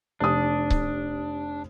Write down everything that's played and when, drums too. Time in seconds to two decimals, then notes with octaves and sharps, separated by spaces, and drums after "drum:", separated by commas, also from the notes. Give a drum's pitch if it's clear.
0.20 F1 D4 G4 D#6
0.70 drum: kick C#1